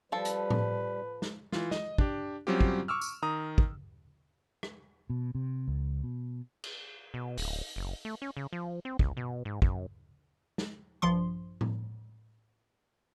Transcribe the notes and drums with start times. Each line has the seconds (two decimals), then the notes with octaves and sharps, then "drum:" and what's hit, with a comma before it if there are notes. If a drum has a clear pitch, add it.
0.12 F3 G3 A4 B4
0.25 drum: hi-hat
0.50 drum: tom A2
1.22 drum: snare
1.52 E3 F4, drum: snare
1.71 D#5, drum: snare
1.98 D4 G4, drum: kick
2.47 F#3 G3 C4 C#4 F4 G4
2.61 drum: kick
2.88 C#6 D6 E6 F6
3.01 drum: tambourine
3.22 D#3 A#5 D#6
3.58 drum: kick
4.63 drum: rim click
5.10 B2
5.35 C3
5.68 C#2
6.04 B2
6.64 drum: cymbal
7.14 B2
7.38 D1, drum: open hi-hat
7.76 F#1
8.05 A3
8.22 C#4
8.37 C#3
8.53 F3
8.85 C4
8.99 C#2, drum: kick
9.17 B2
9.45 G#2
9.62 F#2, drum: kick
10.58 drum: snare
11.02 A#1 G2 F3 C6
11.61 drum: tom A2